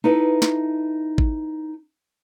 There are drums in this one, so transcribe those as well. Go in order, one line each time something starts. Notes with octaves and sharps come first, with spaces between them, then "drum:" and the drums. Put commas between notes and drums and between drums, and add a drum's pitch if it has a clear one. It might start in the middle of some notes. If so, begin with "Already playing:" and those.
D#4 E4 A4 B4
drum: snare
drum: kick G#1